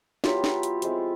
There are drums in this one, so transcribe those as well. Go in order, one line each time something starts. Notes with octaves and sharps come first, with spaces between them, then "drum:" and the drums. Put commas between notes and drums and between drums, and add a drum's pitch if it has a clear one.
F#3 B3 E4 F4 G4, drum: snare
drum: snare
drum: hi-hat
F3 G#3 C4 E4, drum: hi-hat